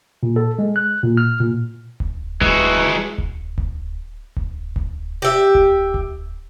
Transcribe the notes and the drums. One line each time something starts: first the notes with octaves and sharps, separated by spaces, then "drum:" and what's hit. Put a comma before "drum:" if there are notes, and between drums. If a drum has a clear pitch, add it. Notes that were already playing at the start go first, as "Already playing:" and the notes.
A#2
A4
G#3
F#6
A#2
F6
A#2
drum: kick D1
E3 G#3 F#4, drum: kick D1
drum: kick D1
drum: kick D1
drum: kick D1
drum: kick D1
G4 E5
drum: kick D1
drum: kick D1